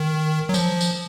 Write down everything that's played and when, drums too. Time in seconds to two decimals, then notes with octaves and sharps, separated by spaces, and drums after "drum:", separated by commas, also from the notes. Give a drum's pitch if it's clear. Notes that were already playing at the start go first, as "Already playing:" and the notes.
Already playing: D#3
0.49 F#3
0.54 F3, drum: tambourine
0.81 drum: tambourine